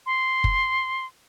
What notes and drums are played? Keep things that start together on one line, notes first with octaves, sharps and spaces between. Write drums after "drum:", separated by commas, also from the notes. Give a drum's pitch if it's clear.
C6
drum: kick F#1